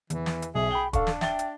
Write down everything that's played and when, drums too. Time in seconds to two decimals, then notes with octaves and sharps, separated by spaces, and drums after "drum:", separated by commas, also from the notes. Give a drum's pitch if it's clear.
0.10 E2 E3, drum: hi-hat
0.26 drum: snare
0.42 drum: hi-hat
0.55 B1 G#4 E5
0.71 G5 B5 G7
0.93 D4 A4 F5 C#6, drum: kick, hi-hat
1.07 drum: snare
1.21 E5 G5 A6 G7, drum: snare
1.39 drum: hi-hat